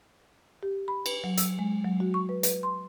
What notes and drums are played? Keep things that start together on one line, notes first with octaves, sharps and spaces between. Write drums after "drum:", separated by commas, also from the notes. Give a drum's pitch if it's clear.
G4
B5
B4, drum: cymbal
F#3
E6, drum: hi-hat
G#3
F#3
F#4
C#6
B4
B4, drum: hi-hat
C6